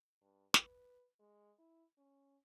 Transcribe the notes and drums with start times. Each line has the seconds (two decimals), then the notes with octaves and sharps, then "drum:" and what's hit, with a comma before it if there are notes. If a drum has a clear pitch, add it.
0.21 G2
0.54 B4, drum: snare
1.20 G#3
1.58 E4
1.98 C#4